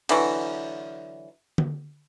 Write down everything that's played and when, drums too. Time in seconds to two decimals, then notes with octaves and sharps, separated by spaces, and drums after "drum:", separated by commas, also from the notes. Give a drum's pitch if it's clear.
0.09 D3 E3 F#3, drum: cymbal
1.58 drum: tom D3